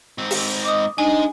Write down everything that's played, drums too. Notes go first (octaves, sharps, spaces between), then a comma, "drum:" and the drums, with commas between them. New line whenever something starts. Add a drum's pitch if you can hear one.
G#2 C4
drum: open hi-hat
D#5 D6 D#6
G#3 D4 D#4 G#4 G#5